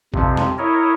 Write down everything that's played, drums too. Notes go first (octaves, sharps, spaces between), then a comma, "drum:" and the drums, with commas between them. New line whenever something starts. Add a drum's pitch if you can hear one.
F2 C3, drum: kick A1
drum: snare
E4 A#4 C#5 D#5